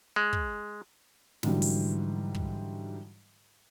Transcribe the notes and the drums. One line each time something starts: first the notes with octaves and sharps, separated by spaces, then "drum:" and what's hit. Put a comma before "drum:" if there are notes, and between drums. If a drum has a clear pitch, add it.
G#3
drum: kick
G#2 D3 E3 F#3 G3, drum: snare
drum: open hi-hat
drum: kick